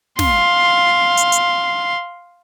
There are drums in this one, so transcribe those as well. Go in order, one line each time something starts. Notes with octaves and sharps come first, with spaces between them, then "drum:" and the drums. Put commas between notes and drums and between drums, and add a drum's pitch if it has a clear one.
F5 C6, drum: snare
drum: hi-hat
drum: hi-hat